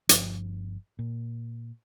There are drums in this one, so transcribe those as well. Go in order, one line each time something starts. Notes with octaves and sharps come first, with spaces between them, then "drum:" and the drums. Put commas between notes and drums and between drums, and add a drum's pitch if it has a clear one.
G1 G2 F3, drum: hi-hat
A#2